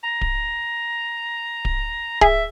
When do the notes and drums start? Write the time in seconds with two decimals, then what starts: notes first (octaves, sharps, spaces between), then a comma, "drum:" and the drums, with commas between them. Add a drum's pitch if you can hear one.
0.03 A#5
0.21 drum: kick D1
1.65 drum: kick D1
2.21 G#4 E5, drum: kick D1